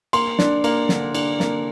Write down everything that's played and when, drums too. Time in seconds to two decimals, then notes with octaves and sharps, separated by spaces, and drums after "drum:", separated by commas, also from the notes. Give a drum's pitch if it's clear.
0.13 A#3 C6, drum: cymbal
0.39 D4, drum: snare
0.64 A#3, drum: cymbal
0.89 D3, drum: snare
1.15 D4, drum: cymbal
1.40 A#3, drum: snare